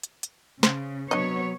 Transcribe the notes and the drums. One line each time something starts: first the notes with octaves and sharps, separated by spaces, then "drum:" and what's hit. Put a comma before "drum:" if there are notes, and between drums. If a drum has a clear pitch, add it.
drum: hi-hat
drum: hi-hat
C#3 C5, drum: snare
C3 F#3 B3 D4 C#5 D#5